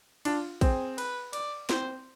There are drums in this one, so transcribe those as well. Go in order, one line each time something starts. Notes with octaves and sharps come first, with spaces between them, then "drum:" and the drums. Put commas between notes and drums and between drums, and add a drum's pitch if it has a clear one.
D4 F4, drum: cymbal
C4 G#4, drum: kick, cymbal
B4, drum: cymbal
D5, drum: cymbal
C4 C5, drum: snare